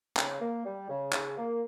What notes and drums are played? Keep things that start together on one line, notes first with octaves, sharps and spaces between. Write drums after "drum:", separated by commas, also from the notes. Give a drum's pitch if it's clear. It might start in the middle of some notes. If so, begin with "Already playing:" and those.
C#3, drum: clap
A#3
G3
C#3
C#3, drum: clap
A#3